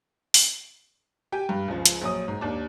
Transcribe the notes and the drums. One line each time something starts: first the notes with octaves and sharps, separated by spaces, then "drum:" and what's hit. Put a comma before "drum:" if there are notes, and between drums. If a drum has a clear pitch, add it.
drum: open hi-hat
G4 G5 G#5
G2
C#2 F3
drum: hi-hat
A#1 F#3 D#6
G#2
D#2 D4